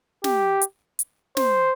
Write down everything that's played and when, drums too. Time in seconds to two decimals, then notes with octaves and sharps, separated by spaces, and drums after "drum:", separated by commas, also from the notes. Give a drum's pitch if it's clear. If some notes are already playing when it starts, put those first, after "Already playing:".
0.24 G4, drum: snare
0.61 drum: hi-hat
0.99 drum: hi-hat
1.37 C5, drum: snare